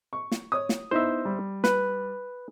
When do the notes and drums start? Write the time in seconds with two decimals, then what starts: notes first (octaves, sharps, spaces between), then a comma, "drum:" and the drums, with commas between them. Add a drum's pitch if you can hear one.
0.13 C#6
0.32 drum: snare
0.52 C#5 D#6
0.69 drum: snare
0.91 B3 D#4 E4 C5 E5
1.25 G3
1.64 B4, drum: snare